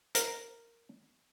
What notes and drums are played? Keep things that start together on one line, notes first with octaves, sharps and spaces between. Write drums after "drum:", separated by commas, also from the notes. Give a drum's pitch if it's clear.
A#4, drum: hi-hat